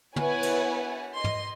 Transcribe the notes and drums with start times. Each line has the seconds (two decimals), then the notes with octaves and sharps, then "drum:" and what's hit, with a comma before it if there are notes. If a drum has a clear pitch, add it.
0.16 B3 E4 B4 C#5 F#5 G#5, drum: tom
0.43 drum: cymbal
1.14 D#5 C6
1.24 drum: tom